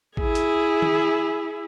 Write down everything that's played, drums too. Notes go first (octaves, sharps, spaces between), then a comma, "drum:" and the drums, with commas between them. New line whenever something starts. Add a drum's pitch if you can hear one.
E4 G#4, drum: kick
drum: hi-hat
drum: tom D#3